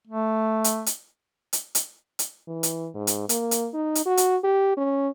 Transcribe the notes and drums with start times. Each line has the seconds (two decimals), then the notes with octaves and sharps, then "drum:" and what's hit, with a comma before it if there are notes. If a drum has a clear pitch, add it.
0.07 A3
0.64 drum: hi-hat
0.86 drum: hi-hat
1.53 drum: hi-hat
1.75 drum: hi-hat
2.19 drum: hi-hat
2.48 E3
2.63 drum: hi-hat
2.94 G#2
3.07 drum: hi-hat
3.29 A#3, drum: hi-hat
3.51 drum: hi-hat
3.74 D#4
3.95 drum: hi-hat
4.06 F#4
4.17 drum: hi-hat
4.44 G4
4.77 C#4